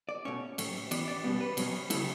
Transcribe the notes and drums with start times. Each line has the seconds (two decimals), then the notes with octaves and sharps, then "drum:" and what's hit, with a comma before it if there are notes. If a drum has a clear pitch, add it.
0.09 D5
0.25 B2 A3 C#4 C#5
0.58 A2 F#3 A3 C#4, drum: cymbal
0.91 E3 B3 D5, drum: cymbal
1.08 D5
1.24 B2 G3 B3
1.41 B4
1.57 B2 F#3 C#4, drum: cymbal
1.90 C#3 F#3 A3 E4, drum: cymbal